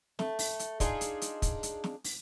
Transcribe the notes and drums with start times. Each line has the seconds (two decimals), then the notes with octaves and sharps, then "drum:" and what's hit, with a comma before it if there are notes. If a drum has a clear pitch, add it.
0.19 A3, drum: snare
0.39 drum: open hi-hat
0.59 drum: hi-hat
0.80 D4 D#4 F4 G#4, drum: kick, hi-hat
1.01 drum: hi-hat
1.22 drum: hi-hat
1.42 drum: kick, hi-hat
1.63 drum: hi-hat
1.84 drum: snare
2.04 drum: open hi-hat